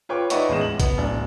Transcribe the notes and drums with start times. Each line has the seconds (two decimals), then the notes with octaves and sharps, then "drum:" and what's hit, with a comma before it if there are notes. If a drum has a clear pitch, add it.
0.09 F4 B4 C#5 G5 D6
0.30 D#4 B4 D5 E5 F#5 C#6, drum: hi-hat
0.49 A1 E2 G#3 D#5 E7
0.61 F#7
0.80 B3, drum: kick A#1, hi-hat
0.98 D1 D4